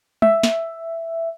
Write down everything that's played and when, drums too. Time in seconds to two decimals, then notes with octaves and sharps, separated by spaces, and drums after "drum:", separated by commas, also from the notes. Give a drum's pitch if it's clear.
0.22 E5, drum: tom
0.43 drum: snare